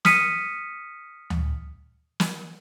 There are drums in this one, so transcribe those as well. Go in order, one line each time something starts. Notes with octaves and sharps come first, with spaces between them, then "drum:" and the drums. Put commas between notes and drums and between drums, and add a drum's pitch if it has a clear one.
D#6 F6 B6 C#7 D#7, drum: snare
drum: tom D2
drum: snare